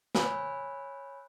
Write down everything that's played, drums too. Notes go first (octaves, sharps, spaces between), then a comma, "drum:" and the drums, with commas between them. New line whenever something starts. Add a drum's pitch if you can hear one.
C#5 G#5 B5 E6 F#6, drum: snare